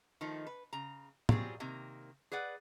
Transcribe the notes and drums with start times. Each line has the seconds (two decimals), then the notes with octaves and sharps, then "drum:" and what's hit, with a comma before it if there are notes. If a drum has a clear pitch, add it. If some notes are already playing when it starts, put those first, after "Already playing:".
0.21 D#3 F3 A3 D#4
0.47 B4
0.73 C#3 A#5
1.29 F#3 G3 C4 F4 G#4, drum: tom
1.60 C3 D#3 A#3
2.32 G#4 B4 D5 F#5